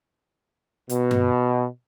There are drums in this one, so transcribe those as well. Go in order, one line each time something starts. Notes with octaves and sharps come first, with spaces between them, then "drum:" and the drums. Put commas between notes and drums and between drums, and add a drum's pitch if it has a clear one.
B2, drum: hi-hat
drum: tom G2